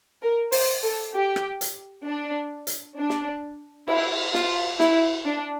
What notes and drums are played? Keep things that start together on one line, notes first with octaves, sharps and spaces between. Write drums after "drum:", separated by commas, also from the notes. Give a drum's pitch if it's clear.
A#4
C5, drum: open hi-hat
A4
G4
drum: rim click
drum: hi-hat
D4
drum: hi-hat
D4
drum: snare
E4, drum: cymbal
F4, drum: snare
E4, drum: snare
D4